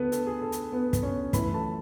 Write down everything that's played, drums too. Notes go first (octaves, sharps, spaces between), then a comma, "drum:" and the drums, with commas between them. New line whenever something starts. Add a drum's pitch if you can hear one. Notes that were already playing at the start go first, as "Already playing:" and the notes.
Already playing: D2 B3 A4 B4
A4, drum: hi-hat
G#4
A4
drum: hi-hat
B3 B4
drum: kick, hi-hat
C#4 C#5
F#2 E3 A3 E4 B4 B5, drum: kick, hi-hat
A4 A5